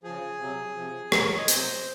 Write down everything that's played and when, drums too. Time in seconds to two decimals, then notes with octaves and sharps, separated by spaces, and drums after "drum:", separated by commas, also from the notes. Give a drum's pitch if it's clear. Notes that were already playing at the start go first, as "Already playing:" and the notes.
0.04 C#3 F3 G#4
0.40 C3 F#3
0.76 C3 F3
1.12 A#2 F#3 A#4, drum: rim click
1.25 C#5
1.37 D#5
1.48 C3 F#3 C5, drum: hi-hat